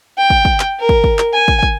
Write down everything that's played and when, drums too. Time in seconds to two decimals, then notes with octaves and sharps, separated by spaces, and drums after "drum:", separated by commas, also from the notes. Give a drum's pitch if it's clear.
0.18 G5
0.30 drum: kick
0.45 drum: kick
0.60 drum: clap
0.80 A#4
0.89 drum: kick
1.04 drum: kick
1.19 drum: clap
1.33 G#5
1.48 drum: kick
1.63 drum: kick